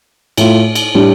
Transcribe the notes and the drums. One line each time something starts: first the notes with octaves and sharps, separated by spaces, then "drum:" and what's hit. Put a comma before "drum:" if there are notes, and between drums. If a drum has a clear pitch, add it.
A2 A3 F4, drum: cymbal
drum: cymbal
A2 G3 D4 G4